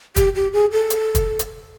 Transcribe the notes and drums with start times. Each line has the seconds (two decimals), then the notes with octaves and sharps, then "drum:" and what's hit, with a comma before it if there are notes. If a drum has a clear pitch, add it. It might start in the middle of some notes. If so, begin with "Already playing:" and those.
0.16 G4, drum: kick, hi-hat
0.35 G4
0.53 G#4
0.72 A4
0.90 drum: hi-hat
1.15 drum: kick, hi-hat
1.39 drum: hi-hat